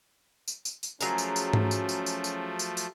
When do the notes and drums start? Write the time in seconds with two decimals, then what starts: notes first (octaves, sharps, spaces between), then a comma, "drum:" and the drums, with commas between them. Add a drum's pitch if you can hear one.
0.48 drum: tambourine
0.65 drum: tambourine
0.83 drum: tambourine
1.01 F3 F#3 A3 C#4 G#4 A#4, drum: tambourine
1.18 drum: tambourine
1.36 drum: tambourine
1.53 drum: tom G#2
1.71 drum: tambourine
1.89 drum: tambourine
2.06 drum: tambourine
2.24 drum: tambourine
2.59 drum: tambourine
2.77 drum: tambourine